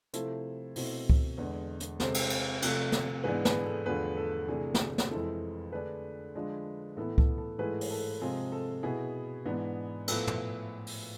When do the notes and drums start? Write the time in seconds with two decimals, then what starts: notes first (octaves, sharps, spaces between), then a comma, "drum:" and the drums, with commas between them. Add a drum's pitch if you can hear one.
0.13 C3 F3 A3 E4 A4 C5, drum: hi-hat
0.76 B2 A3 C4 E4, drum: open hi-hat
1.10 drum: kick C#2
1.38 E2 D3 G#3
1.80 drum: hi-hat
2.00 C3 G#3 C4 A4 C5, drum: snare
2.14 drum: cymbal
2.30 drum: cymbal
2.62 C3 F3 A3, drum: cymbal
2.92 drum: snare
3.24 G#2 E3 B3 D4 G#4 B4
3.45 G#4 B4, drum: snare
3.65 A4
3.86 E2 D3 F3 A3 G#4 B4
4.17 A4
4.48 C3 E3 A3 D4 G#4
4.74 drum: snare
4.98 drum: snare
5.10 F2 E3 G#3 C4 E4 A4
5.72 D3 A3 D4 G#4 B4
6.35 D3 F3 G#3 D4
6.97 A2 E3 B3 E4 A4
7.18 A4, drum: kick C#2
7.38 A4
7.58 G#2 E3 A3 E4 G#4 B4
7.81 drum: open hi-hat
7.91 A4
8.21 C3 F3 G#3 C4 G#4
8.52 A4
8.83 B2 B3 E4 G#4
9.46 G#2 E3 B3 D4
10.08 A2 F3 B3 A4, drum: cymbal
10.27 drum: tom
10.87 drum: open hi-hat